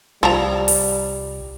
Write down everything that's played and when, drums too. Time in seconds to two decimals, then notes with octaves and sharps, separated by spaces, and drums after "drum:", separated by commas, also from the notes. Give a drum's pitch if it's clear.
0.23 C2 F3 G3 A#5
0.68 drum: open hi-hat